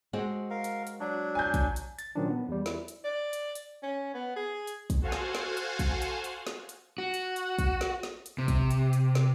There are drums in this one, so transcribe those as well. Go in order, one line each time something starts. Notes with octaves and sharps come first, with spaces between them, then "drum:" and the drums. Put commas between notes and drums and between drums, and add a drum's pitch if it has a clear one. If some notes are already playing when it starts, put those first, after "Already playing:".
G#3 C4 F#4
A#4 F5
drum: hi-hat
drum: hi-hat
F#3 D4
G#5 G6
drum: kick, hi-hat
drum: hi-hat
A6, drum: hi-hat
A#2 D#3 F3 F#3 C#4 D4
B3
E2 G3
E4 D5, drum: snare
drum: hi-hat
D5
drum: hi-hat
drum: hi-hat
C#4
B3
G#4
drum: hi-hat
drum: kick, hi-hat
F#4 A4 C5 F5 F#5 G#5
drum: snare
drum: snare
drum: hi-hat
drum: kick, hi-hat
drum: hi-hat
drum: hi-hat
drum: snare
drum: hi-hat
F#4
drum: hi-hat
drum: hi-hat
drum: kick, hi-hat
drum: snare
drum: snare
drum: hi-hat
C3
drum: kick, hi-hat
drum: hi-hat
drum: hi-hat
drum: snare